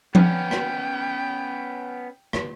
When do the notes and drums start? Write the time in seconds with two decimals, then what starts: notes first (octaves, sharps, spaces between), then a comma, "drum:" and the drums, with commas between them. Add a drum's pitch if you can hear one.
0.15 B3 C#4 G5, drum: tom F3
0.51 drum: rim click
2.33 drum: rim click